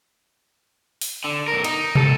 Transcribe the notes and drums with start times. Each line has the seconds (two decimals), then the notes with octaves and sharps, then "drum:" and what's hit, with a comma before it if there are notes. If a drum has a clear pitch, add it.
1.01 drum: open hi-hat
1.24 D3
1.48 B1 A#4
1.64 D#4, drum: cymbal
1.95 G#2 A4, drum: tom